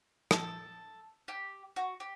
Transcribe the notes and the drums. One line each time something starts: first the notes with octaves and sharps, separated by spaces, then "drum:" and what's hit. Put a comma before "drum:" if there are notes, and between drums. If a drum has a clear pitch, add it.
A4, drum: rim click
G4
F#4
G4